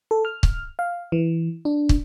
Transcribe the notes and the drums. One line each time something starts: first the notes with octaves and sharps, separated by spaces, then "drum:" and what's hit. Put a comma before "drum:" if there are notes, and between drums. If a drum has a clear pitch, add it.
A4
F6
drum: kick
F5
E3
D4
drum: kick